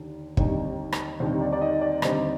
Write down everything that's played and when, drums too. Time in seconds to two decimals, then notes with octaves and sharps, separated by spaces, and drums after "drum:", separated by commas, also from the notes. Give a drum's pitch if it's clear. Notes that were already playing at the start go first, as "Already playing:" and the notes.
Already playing: D#2 D3
0.37 D#2 D3 G3 C4 D#4, drum: kick
0.92 drum: rim click
1.20 D#2 D3 G3 C4 D#4 C5
1.41 D5
1.53 D5
1.61 D#4 D#5
1.82 D5
2.02 D#2 D3 G3 C4 D#4 C5, drum: rim click